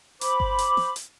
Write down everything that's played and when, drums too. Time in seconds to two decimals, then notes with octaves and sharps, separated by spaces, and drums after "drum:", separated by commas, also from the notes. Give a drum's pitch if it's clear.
0.21 C5 B5 D6, drum: hi-hat
0.40 drum: kick G1
0.59 drum: hi-hat
0.77 drum: snare
0.96 drum: hi-hat